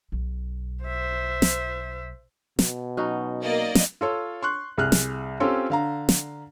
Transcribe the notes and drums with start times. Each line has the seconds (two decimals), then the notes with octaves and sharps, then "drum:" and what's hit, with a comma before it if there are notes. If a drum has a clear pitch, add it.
0.12 B1
0.84 C5 E5
1.42 drum: snare
2.59 B2, drum: snare
2.97 F#3 C#4 D#4
3.43 A#3 D5 D#5
3.75 drum: snare
4.01 F4 A4 C#5
4.43 C6 C#6 F#6
4.78 C2 G#4 F6 F#6
4.92 drum: snare
5.40 C4 C#4 F4 G4 A4 C#5
5.70 D3 F5 A#5
6.09 drum: snare